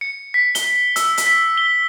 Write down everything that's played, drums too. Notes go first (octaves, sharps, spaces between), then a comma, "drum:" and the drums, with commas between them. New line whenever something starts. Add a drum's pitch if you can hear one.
C#7
B6
G7, drum: hi-hat
E6, drum: hi-hat
drum: hi-hat
B6
G7